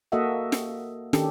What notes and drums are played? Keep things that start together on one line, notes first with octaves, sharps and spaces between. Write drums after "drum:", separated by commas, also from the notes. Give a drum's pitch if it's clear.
A#3 F#4 A4 D#5 E5 F#5
drum: snare
D#3 C#4 D4 G4 A4, drum: snare